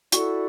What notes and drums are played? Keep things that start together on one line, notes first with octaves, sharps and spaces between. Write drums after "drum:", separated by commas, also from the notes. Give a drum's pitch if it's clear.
E4 F#4 A4 D5, drum: hi-hat